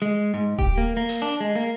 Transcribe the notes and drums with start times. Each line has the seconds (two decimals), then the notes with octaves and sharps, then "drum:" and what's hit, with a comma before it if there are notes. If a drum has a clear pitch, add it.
0.02 G#3
0.34 G#2
0.59 G4, drum: kick D#1
0.78 A#3
0.97 A#3
1.09 drum: open hi-hat
1.22 D4
1.40 G#3
1.55 A#3